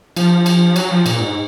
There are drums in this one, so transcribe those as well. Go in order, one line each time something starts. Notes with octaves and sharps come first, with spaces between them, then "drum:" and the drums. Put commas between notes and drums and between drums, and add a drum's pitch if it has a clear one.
F3, drum: cymbal
drum: cymbal
F#3, drum: cymbal
F3
A#2, drum: cymbal
G#2